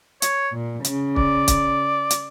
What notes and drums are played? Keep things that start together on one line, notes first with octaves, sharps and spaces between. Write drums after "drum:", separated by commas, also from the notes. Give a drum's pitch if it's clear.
C#5, drum: hi-hat
A#2
C#3, drum: hi-hat
D5, drum: kick
drum: kick, hi-hat
drum: hi-hat